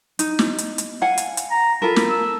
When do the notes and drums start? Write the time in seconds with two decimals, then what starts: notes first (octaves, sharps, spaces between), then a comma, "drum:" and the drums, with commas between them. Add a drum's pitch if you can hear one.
0.19 D#4, drum: hi-hat
0.39 drum: snare
0.58 drum: hi-hat
0.78 drum: hi-hat
1.01 F5 F#5 G#5
1.18 drum: hi-hat
1.37 drum: hi-hat
1.51 A#5
1.82 F4 A4 A#4 B5
1.96 drum: snare
2.10 E6